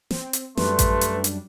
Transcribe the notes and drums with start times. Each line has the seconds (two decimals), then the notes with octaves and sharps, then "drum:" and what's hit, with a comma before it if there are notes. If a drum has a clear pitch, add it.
0.11 C4, drum: snare
0.33 drum: hi-hat
0.57 F#2 G3 A3 D4 B4 C6, drum: snare
0.79 drum: kick A1, hi-hat
1.01 drum: hi-hat
1.24 drum: hi-hat